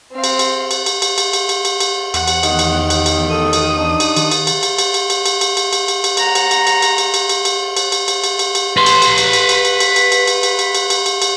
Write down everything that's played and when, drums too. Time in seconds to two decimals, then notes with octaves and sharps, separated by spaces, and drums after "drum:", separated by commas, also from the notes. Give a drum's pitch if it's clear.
0.12 C4 F5
0.24 drum: cymbal
0.39 drum: cymbal
0.71 drum: cymbal
0.86 drum: cymbal
1.02 drum: cymbal
1.18 drum: cymbal
1.33 drum: cymbal
1.49 drum: cymbal
1.65 drum: cymbal
1.80 drum: cymbal
2.14 E2 F#5, drum: cymbal
2.28 drum: cymbal
2.43 D#3, drum: cymbal
2.59 drum: cymbal
2.90 drum: cymbal
3.06 drum: cymbal
3.30 A4 D#6
3.53 drum: cymbal
3.77 D4 D#4
4.00 drum: cymbal
4.16 D#3, drum: cymbal
4.31 drum: cymbal
4.47 drum: cymbal
4.63 drum: cymbal
4.79 drum: cymbal
4.94 drum: cymbal
5.10 drum: cymbal
5.26 drum: cymbal
5.41 drum: cymbal
5.57 drum: cymbal
5.73 drum: cymbal
5.88 drum: cymbal
6.04 drum: cymbal
6.17 F#5 A#5, drum: cymbal
6.35 drum: cymbal
6.51 drum: cymbal
6.67 drum: cymbal
6.82 drum: cymbal
6.98 drum: cymbal
7.14 drum: cymbal
7.29 drum: cymbal
7.45 drum: cymbal
7.77 drum: cymbal
7.92 drum: cymbal
8.08 drum: cymbal
8.24 drum: cymbal
8.39 drum: cymbal
8.55 drum: cymbal
8.77 B4 C6
8.86 drum: cymbal
9.02 drum: cymbal
9.18 drum: cymbal
9.33 drum: cymbal
9.49 drum: cymbal
9.65 drum: cymbal
9.80 drum: cymbal
9.96 drum: cymbal
10.12 drum: cymbal
10.27 drum: cymbal
10.43 drum: cymbal
10.59 drum: cymbal
10.75 drum: cymbal
10.90 drum: cymbal
11.06 drum: cymbal
11.22 drum: cymbal